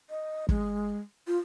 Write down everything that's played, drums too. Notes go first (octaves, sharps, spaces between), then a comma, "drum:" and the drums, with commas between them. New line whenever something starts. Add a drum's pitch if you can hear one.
D#5
G#3, drum: kick
F4